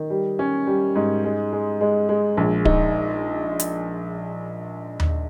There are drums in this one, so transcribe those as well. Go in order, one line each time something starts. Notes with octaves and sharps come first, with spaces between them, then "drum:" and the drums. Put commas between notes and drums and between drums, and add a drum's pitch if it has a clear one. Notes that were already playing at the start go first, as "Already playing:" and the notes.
Already playing: D#3
G3
C#4
G3
G#2
G#3
G#3
G#3
G#3
A#1
D#4, drum: kick D1
drum: hi-hat
drum: tom D#2